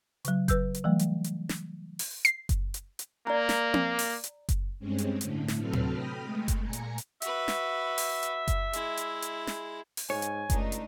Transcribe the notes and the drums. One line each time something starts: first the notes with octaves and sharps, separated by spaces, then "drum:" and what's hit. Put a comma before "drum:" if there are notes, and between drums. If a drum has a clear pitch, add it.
C#3 F#3, drum: hi-hat
B4 E6 G6, drum: kick F#1, hi-hat
drum: hi-hat
E3 F#3 G3 A3
drum: hi-hat
drum: hi-hat
drum: snare
drum: open hi-hat
C7, drum: hi-hat
drum: kick F#1, hi-hat
drum: hi-hat
drum: hi-hat
A#3 D5 A#5
drum: snare
drum: tom C4
drum: open hi-hat
drum: hi-hat
drum: kick F#1, hi-hat
G2 G#3 C4 C#4
drum: hi-hat
A2 D3 A3, drum: hi-hat
drum: snare
C3 F#3 C4 A4 B4 F6
drum: tom A2
G5 B5 D#6 F6 A#6
G#3 A3
drum: kick F#1, hi-hat
A#2 G#5 A#5 C#7
drum: hi-hat
drum: hi-hat
F#4 B4 E5, drum: hi-hat
drum: snare
drum: open hi-hat
drum: hi-hat
drum: kick F#1, hi-hat
G#3 E4, drum: hi-hat
drum: hi-hat
drum: hi-hat
drum: snare
drum: open hi-hat
G#2 C#5 G#5
drum: hi-hat
C#2 A3 D4 D#4, drum: kick F#1, hi-hat
drum: hi-hat